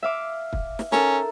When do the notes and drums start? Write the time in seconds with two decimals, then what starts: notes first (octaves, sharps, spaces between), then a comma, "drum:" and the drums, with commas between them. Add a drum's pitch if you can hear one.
0.02 E5 F5 D6
0.53 drum: kick
0.79 drum: snare
0.92 C#4 D#4 A4 A#4, drum: snare